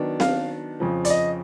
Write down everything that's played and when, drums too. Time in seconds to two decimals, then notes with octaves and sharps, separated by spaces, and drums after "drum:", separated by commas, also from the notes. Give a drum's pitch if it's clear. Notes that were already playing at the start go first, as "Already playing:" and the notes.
Already playing: D#3 F#3 B3 D4
0.20 F5, drum: snare C4
0.80 F2 C#3 F3
1.05 D5, drum: hi-hat
1.10 D#5